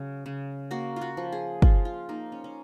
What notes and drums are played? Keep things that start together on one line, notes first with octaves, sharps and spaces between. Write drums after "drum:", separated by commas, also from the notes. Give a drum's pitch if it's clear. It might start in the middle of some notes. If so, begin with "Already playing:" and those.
Already playing: C#3 F#3
C#3
A#3 F#4
F4
F#4
F3
G#4
F3 F4, drum: kick
F4
A#3 D#4
C#4
C#4